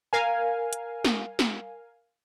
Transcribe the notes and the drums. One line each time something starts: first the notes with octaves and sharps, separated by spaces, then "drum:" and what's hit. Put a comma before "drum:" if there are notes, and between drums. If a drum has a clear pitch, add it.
A#4 F5 G#5
drum: hi-hat
drum: snare
drum: snare